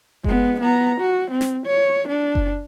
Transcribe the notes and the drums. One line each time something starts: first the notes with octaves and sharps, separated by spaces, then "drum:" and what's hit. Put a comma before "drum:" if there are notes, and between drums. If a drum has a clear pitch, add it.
G#3 B3, drum: kick F#1
B3 A#5
F#4
C4
drum: snare
C#5
D4
drum: kick F#1